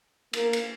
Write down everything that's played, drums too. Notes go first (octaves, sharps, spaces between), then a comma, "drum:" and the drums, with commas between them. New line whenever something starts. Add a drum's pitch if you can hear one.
A#3, drum: cymbal
drum: cymbal